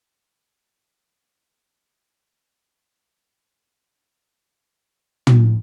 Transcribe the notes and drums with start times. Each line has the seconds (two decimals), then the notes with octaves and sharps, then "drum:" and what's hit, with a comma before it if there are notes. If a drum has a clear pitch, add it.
0.08 G#3
0.60 G#3
0.87 G3
1.05 D#3
1.25 D3
1.46 D3
1.65 F3
1.91 G3
2.17 G3
2.25 G#3
2.34 G3
2.43 G#3
3.99 G#3
4.77 D#3
5.27 drum: tom